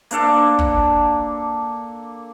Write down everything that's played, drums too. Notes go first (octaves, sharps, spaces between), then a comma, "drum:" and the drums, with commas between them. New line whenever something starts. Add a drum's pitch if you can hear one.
A#3 D4 A4 D5, drum: hi-hat
drum: kick